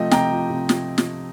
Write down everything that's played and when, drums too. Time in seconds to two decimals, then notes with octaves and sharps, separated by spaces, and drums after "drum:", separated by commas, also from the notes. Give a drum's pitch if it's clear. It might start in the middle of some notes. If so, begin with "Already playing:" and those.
Already playing: C3 F3 A3 D#5 G5
0.11 C3 G5 A#5, drum: snare
0.31 F3
0.50 C3
0.69 drum: snare
0.98 drum: snare